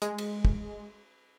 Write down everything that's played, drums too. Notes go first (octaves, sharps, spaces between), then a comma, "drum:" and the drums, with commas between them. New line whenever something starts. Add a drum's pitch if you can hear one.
G#3, drum: hi-hat
drum: cymbal
drum: kick